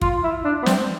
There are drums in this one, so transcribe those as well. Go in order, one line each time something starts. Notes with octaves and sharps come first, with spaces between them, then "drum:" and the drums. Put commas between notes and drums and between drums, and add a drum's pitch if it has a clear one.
F4, drum: kick
E4
D4
B3
C4, drum: snare